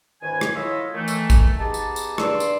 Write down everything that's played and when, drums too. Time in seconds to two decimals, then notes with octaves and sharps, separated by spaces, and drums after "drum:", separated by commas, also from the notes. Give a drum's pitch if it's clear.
0.21 C#2 G#2 D#3 B4 G#5
0.41 drum: rim click
0.55 E4 F4 A4 C#5 D#5 E5
0.94 D#3 E3 A3
1.08 drum: tambourine
1.30 drum: kick, tambourine
1.59 B3 D#4 G4 G#4 A5
1.74 drum: tambourine
1.96 drum: tambourine
2.18 G2 D5 C6 E6, drum: rim click
2.40 drum: tambourine